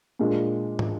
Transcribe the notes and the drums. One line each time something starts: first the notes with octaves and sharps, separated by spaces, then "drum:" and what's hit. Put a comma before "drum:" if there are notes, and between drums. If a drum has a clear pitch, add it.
A#2 G#3 D4 F4
drum: tom